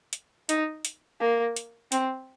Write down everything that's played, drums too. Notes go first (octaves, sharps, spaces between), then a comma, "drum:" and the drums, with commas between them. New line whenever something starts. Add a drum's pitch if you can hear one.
drum: hi-hat
D#4, drum: hi-hat
drum: hi-hat
A#3
drum: hi-hat
C4, drum: hi-hat